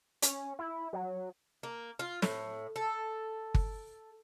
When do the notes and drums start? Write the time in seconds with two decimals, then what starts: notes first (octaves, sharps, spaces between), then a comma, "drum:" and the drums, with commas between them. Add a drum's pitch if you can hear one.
0.22 C#4, drum: hi-hat
0.59 E4
0.93 F#3
1.63 A#3
1.99 F4
2.22 A2, drum: snare
2.76 A4
3.55 drum: kick G1